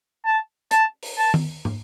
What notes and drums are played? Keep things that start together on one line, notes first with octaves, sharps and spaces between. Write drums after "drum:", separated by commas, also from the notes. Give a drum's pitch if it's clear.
A5
A5, drum: hi-hat
drum: open hi-hat
A5
drum: tom D#3
drum: tom